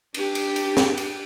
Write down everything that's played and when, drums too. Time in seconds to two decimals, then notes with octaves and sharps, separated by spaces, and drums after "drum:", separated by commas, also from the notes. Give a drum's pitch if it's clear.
0.14 D4 G4, drum: cymbal
0.35 drum: cymbal
0.56 drum: cymbal
0.77 drum: snare
0.98 drum: cymbal